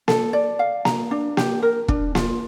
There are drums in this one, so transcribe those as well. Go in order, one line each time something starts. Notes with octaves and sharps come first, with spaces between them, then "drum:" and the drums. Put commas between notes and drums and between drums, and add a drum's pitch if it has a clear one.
A4, drum: snare A#3
D5
F5
A#5, drum: snare A#3
D4
G4, drum: snare A#3
A#4
D4, drum: kick
F4, drum: snare A#3